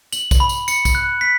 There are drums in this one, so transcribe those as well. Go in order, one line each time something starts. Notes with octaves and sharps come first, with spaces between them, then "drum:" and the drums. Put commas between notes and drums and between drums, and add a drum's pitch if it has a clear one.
F#7, drum: tambourine
drum: kick B1, tambourine
B5
drum: tambourine
C#7, drum: tambourine
drum: kick B1, tambourine
F#6
B6